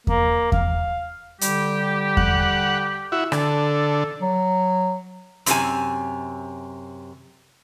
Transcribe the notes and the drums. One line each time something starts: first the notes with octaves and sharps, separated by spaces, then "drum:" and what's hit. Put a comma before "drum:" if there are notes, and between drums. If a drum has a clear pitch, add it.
A#3, drum: kick E2
F5, drum: kick E2
D3 G3 G4, drum: hi-hat
F#5, drum: kick E2
E4 F#4
D3 A4, drum: rim click
F#3
F#2 C3 G#5, drum: hi-hat